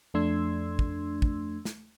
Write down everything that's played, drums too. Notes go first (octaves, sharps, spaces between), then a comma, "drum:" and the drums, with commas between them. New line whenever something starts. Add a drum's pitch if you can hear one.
F2 A3 D4 C6 E6 G#6
drum: kick
drum: kick
drum: snare